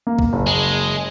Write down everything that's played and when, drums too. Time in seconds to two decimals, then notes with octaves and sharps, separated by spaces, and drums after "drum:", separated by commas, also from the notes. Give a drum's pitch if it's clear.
0.07 A#3
0.19 drum: kick
0.33 F#1
0.47 G#3